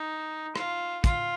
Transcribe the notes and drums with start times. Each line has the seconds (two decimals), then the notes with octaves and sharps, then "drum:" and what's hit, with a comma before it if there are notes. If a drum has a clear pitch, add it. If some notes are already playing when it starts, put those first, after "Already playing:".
Already playing: D#4
0.56 F4, drum: rim click
1.04 F4, drum: kick, hi-hat